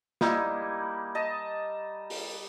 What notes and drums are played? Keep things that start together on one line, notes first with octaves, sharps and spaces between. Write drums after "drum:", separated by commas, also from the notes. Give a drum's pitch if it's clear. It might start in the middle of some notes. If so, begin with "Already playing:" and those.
G3 A#3 D#4 E4, drum: snare
D#5 A5
drum: open hi-hat